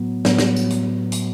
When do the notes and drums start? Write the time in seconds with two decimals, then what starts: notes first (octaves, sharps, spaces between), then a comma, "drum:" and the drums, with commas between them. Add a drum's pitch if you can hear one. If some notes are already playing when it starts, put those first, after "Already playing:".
Already playing: A2 F#3 B3
0.25 A2 F#3 B3, drum: snare
0.38 drum: snare
0.56 drum: tambourine
0.70 drum: hi-hat
1.12 drum: hi-hat